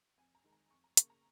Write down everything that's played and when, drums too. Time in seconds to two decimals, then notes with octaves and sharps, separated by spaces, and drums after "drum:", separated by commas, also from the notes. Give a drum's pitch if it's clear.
0.18 F2 G#5
0.35 A#5
0.44 D#3 G#3
0.53 A#5
0.71 F2 C#6
0.84 A#5
0.97 C#3 A#3 C#6, drum: hi-hat
1.10 A#5